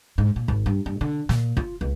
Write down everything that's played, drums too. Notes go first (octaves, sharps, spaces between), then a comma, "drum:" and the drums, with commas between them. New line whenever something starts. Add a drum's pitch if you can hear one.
G#2
A#2
G#1, drum: kick
G2
G2
D3
A#2, drum: snare
F4, drum: kick
C#2